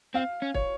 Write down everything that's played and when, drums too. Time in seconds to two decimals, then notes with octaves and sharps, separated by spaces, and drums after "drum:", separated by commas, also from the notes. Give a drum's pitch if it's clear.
0.15 C4 F5
0.42 C#4
0.54 C#5, drum: kick